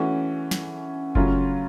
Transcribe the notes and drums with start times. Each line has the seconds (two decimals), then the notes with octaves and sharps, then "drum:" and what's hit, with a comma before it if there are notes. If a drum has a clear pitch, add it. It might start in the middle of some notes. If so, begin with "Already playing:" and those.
Already playing: E3 A3 C#4 F#4
0.51 drum: snare
1.15 C#3 F#3 A3 C#4 F4, drum: kick F#1